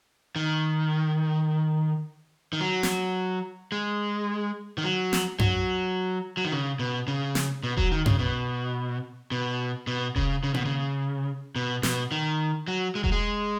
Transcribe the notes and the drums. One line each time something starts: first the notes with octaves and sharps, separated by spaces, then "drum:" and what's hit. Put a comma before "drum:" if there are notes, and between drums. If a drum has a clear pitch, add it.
D#3
D#3
F#3
drum: snare
G#3
D#3
F#3
drum: snare
F#3, drum: tom F#2
F#3
D#3
C#3
B2
C#3
drum: snare
B2
F#3, drum: kick E1
D#3
C#3, drum: tom F#2
B2
B2
B2
C#3, drum: kick E1
C#3
B2, drum: tom A#3
C#3
B2
B2, drum: snare
D#3
F#3
G#3
F#3, drum: kick E1
G#3